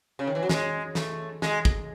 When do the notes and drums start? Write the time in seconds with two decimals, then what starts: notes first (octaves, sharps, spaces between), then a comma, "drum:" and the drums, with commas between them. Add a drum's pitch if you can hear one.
0.19 C#3
0.27 D#3
0.35 E3
0.43 F#3
0.49 G#3, drum: snare
0.95 A3, drum: snare
1.42 G#3, drum: snare
1.65 drum: kick